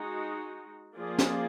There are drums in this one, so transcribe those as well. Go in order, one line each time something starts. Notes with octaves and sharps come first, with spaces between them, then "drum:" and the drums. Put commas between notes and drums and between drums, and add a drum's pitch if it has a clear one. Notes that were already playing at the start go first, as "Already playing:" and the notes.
Already playing: G#3 D#4 F#4
F3 A#3 F4 G#4 D5
drum: snare